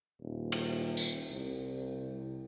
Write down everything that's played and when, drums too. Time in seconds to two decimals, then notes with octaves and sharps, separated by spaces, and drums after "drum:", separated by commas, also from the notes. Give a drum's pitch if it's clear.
0.20 D#1
0.52 drum: cymbal
0.97 drum: tambourine
1.31 C2